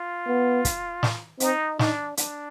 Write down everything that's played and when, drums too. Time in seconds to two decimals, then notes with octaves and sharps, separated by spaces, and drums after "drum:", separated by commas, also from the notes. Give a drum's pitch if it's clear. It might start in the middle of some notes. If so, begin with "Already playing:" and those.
Already playing: F4
0.27 B3
0.65 drum: kick, hi-hat
1.03 drum: snare
1.40 C4 D#4, drum: hi-hat
1.79 D4 D#4, drum: snare
2.17 D4, drum: hi-hat